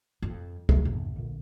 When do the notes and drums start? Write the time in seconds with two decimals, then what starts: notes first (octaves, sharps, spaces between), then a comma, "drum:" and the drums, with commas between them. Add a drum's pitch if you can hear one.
0.22 F2
0.69 F#3 A3, drum: kick
0.85 A#1 E2 G2 C3
1.16 D2 A#2